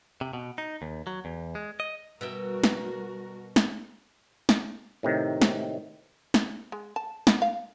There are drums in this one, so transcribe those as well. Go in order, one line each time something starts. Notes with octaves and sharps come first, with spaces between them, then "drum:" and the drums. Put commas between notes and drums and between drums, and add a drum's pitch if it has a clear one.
C3
B2
D#4
D#2
F#3
E2
G#3
D#5
B2 G3 F#4 A#4 E5 G5
drum: snare
drum: snare
drum: snare
A2 C3 D#3
drum: snare
drum: snare
G#3
A5
B3, drum: snare
F5